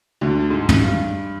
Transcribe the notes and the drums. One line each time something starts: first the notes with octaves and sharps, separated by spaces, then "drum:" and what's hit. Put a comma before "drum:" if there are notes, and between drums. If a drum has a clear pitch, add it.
D2 D3
G#2
drum: tom
G2